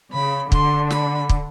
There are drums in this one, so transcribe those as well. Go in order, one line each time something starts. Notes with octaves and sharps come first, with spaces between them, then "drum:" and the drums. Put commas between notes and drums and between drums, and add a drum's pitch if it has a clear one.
C#3 B5
D3 C6, drum: kick
B5, drum: snare
drum: kick